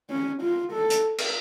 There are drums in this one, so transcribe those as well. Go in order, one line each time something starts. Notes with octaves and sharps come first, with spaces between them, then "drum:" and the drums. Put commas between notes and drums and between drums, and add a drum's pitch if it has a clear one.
C#4
F4
A4
drum: hi-hat
drum: cymbal